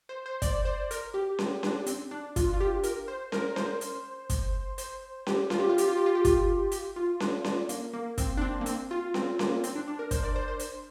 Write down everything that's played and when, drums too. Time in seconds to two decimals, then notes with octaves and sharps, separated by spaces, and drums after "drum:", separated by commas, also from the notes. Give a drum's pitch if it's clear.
0.09 C5
0.26 C5
0.42 D5, drum: kick, hi-hat
0.65 C5
0.91 A#4, drum: hi-hat
1.14 G4
1.39 drum: snare C#4
1.63 D4, drum: snare C#4
1.86 C4, drum: hi-hat
2.11 D4
2.36 F4, drum: kick, hi-hat
2.54 F4
2.60 G4
2.83 A#4, drum: hi-hat
3.08 C5
3.32 A#4, drum: snare C#4
3.56 C5, drum: snare C#4
3.81 drum: hi-hat
4.30 drum: kick, hi-hat
4.78 C5, drum: hi-hat
5.27 G4, drum: snare C#4
5.50 F4, drum: snare C#4
5.59 G4
5.69 F4
5.78 G4, drum: hi-hat
5.88 F4
5.97 G4
6.06 F4
6.15 G4
6.25 F4, drum: kick, hi-hat
6.72 G4, drum: hi-hat
6.96 F4
7.20 D4, drum: snare C#4
7.44 D4, drum: snare C#4
7.69 A#3, drum: hi-hat
7.93 A#3
8.18 C4, drum: kick, hi-hat
8.37 D4
8.41 C4
8.61 A#3
8.66 C4, drum: hi-hat
8.91 F4
9.14 C4, drum: snare C#4
9.39 A#3, drum: snare C#4
9.64 C4, drum: hi-hat
9.75 D4
9.88 D4
9.99 A#4
10.11 C5, drum: kick, hi-hat
10.23 D5
10.36 C5
10.48 C5
10.59 C5, drum: hi-hat